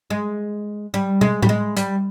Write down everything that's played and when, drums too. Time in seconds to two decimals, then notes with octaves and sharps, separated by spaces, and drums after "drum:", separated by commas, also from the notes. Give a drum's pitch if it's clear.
0.10 G#3
0.94 G3
1.21 G#3, drum: tom
1.43 G3, drum: tom A2
1.49 G#3
1.77 G3, drum: hi-hat